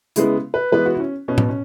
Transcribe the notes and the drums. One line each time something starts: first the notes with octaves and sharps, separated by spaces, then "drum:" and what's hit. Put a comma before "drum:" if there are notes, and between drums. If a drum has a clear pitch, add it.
C#3 G#3 B3 E4, drum: hi-hat
B4
E3 G#3 B3 B4
F#4
E4
C#4
B2 B3 C#4
drum: tom A2
C#4